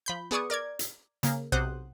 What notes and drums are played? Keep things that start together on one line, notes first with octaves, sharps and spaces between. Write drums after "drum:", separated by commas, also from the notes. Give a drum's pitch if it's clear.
F3 B5 G6
B3 G#4 D5 C#6 D#6
A#4 D5 D6 G#6
drum: hi-hat
C#3 A#3, drum: hi-hat
B1 C3 C5 F#5 D#6 F#6